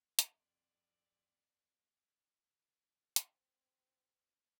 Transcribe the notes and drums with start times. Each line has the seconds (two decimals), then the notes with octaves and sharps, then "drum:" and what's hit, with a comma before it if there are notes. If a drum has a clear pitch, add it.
0.19 F2 C4 D5, drum: hi-hat
3.16 C4, drum: hi-hat